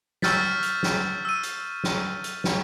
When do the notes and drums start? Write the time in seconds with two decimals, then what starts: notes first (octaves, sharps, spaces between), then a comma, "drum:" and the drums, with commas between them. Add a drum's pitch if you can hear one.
0.22 C#6 E6 F6 G6 A6 B6, drum: snare
0.63 drum: hi-hat
0.83 drum: snare
1.25 E6 D#7
1.43 drum: hi-hat
1.84 drum: snare
2.24 drum: hi-hat
2.44 drum: snare